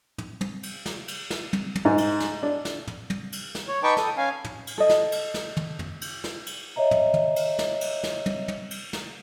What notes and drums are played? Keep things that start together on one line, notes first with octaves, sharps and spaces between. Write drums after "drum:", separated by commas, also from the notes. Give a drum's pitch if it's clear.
drum: tom
drum: tom
drum: cymbal
drum: snare
drum: cymbal
drum: snare
drum: tom
drum: tom
G#2
drum: cymbal
drum: snare
D4
drum: snare
drum: tom
drum: tom
drum: cymbal
drum: snare
C#5
D#4 B4 G5 A5 C#6 D6
A4 D#6, drum: snare
C#4 F5 G#5
drum: tom
drum: cymbal
A4 D#5
drum: snare
drum: cymbal
drum: snare
drum: tom
drum: tom
drum: cymbal
drum: snare
drum: cymbal
C#5 D#5 E5 A#5
drum: tom
drum: tom
drum: cymbal
drum: snare
drum: cymbal
drum: snare
drum: tom
drum: tom
drum: cymbal
drum: snare